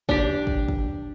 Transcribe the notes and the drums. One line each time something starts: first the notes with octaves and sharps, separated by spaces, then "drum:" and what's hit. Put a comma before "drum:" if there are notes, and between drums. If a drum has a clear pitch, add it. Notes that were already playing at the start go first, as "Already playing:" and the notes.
D4 G4, drum: kick
drum: kick
drum: kick